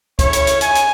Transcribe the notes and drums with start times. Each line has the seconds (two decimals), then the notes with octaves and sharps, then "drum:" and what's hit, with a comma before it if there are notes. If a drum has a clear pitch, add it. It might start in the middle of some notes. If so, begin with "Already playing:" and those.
0.19 A3 C#4 E4 C#5, drum: kick, hi-hat
0.33 drum: hi-hat
0.47 drum: hi-hat
0.61 G#3 C#4 G#5, drum: hi-hat
0.75 drum: hi-hat